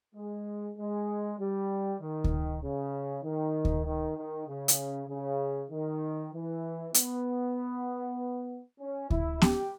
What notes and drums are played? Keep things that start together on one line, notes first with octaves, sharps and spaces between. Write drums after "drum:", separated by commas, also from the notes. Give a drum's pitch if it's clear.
G#3
G#3
G3
D#3
drum: kick D2
C#3
D#3
drum: kick D2
D#3
D#3
C#3
drum: hi-hat
C#3
D#3
E3
B3, drum: hi-hat
C#4
E4, drum: kick D2
G4, drum: snare B3